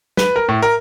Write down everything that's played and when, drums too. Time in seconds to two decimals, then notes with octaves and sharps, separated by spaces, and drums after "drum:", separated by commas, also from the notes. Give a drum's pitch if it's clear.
0.17 B4, drum: snare
0.36 A#4
0.49 A2
0.62 A#4